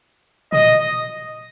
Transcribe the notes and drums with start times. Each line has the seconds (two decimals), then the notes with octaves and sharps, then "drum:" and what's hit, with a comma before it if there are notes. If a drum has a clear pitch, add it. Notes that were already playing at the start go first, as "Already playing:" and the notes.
0.53 D#5, drum: tom A#2
0.68 drum: hi-hat